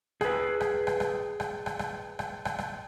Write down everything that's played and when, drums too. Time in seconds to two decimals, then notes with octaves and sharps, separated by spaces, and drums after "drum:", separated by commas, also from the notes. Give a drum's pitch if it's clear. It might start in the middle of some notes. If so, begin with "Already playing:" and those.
0.21 G#4 B4, drum: rim click
0.60 drum: rim click
0.87 drum: rim click
1.00 drum: rim click
1.40 drum: rim click
1.66 drum: rim click
1.79 drum: rim click
2.19 drum: rim click
2.45 drum: rim click
2.59 drum: rim click